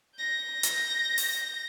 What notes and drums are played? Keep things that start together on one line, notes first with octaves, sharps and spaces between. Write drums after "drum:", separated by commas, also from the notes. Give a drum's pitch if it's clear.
G6 A#6
drum: hi-hat
drum: open hi-hat